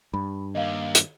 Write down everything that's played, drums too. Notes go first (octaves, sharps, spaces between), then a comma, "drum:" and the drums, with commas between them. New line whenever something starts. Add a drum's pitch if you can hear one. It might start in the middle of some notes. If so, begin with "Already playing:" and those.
G2 B5
D#2 D#5 F5
drum: hi-hat